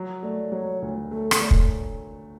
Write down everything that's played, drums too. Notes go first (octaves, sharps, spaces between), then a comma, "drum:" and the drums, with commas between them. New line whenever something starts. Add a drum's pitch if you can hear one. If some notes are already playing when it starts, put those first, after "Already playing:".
Already playing: F#3
A3 D5
F#3 C#5
D2
A3 A4
drum: rim click
A3 D5
drum: kick